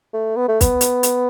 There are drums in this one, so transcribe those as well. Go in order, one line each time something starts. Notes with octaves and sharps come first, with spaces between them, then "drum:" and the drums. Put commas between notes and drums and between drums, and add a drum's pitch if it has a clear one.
A3
B3
A3
B3, drum: kick, hi-hat
drum: hi-hat
drum: hi-hat